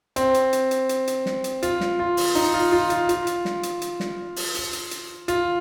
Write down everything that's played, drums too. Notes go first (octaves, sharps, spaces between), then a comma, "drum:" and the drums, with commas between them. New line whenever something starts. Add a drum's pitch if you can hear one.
C4, drum: hi-hat
drum: hi-hat
drum: hi-hat
drum: hi-hat
drum: hi-hat
drum: hi-hat
drum: snare
drum: hi-hat
F4, drum: hi-hat
drum: snare
F4
drum: open hi-hat
D#4, drum: hi-hat
F4
F4
F4, drum: hi-hat
F4, drum: hi-hat
drum: hi-hat
drum: snare
drum: hi-hat
drum: hi-hat
drum: snare
drum: open hi-hat
drum: hi-hat
drum: hi-hat
drum: hi-hat
F4, drum: hi-hat